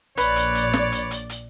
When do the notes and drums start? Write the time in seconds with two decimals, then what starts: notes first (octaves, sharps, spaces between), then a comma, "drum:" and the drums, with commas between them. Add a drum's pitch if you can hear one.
0.17 A#1 B4 C#5 D5, drum: hi-hat
0.36 drum: hi-hat
0.55 drum: hi-hat
0.73 drum: snare
0.92 drum: hi-hat
1.11 drum: hi-hat
1.29 drum: hi-hat